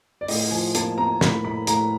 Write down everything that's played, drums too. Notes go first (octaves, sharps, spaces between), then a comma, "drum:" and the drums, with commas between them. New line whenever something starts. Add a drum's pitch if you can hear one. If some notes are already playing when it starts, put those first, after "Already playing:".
D5
A2 D#5, drum: open hi-hat
F3 G#5
A#3 A5, drum: hi-hat
A#3 A#5
A2 B5, drum: snare
A2 B5
A2 A#5, drum: hi-hat